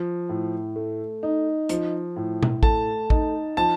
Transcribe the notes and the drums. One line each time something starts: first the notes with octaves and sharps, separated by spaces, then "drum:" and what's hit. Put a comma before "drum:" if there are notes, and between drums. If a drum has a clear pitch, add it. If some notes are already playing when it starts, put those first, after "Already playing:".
Already playing: F3
A2
A3
D#4
F3, drum: hi-hat
A2
drum: tom B2
A3 A5, drum: kick A1
D#4, drum: kick A1
F3 A5